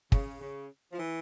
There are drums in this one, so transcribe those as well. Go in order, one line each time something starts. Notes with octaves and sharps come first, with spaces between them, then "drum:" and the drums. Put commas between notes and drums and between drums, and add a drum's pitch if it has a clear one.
C#3, drum: kick
C#3
F3
E3